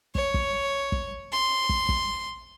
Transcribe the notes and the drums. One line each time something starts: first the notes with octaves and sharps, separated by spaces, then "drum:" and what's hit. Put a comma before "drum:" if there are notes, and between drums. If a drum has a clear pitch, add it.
C#5, drum: kick
drum: kick
drum: kick
C6
drum: kick
drum: kick